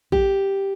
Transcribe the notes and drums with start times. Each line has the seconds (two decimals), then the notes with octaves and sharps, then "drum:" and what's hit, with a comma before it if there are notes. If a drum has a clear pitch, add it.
0.12 G4, drum: kick